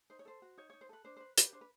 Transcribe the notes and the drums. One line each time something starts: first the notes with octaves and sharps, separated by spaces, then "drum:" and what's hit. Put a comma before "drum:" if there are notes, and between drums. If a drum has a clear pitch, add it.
D#4 C5
C#5
A4 C5
F#4
D#4 C#5
D#4 C#5
C5
A4 B4
D4 C5
B4 C5
G4 B4, drum: hi-hat
D4 C5
B4